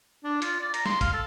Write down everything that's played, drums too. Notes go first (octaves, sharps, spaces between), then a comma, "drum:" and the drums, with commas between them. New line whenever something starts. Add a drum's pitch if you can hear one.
D4
F4, drum: hi-hat
D5
A#5, drum: hi-hat
C6, drum: snare
F5, drum: kick A#1, hi-hat
A4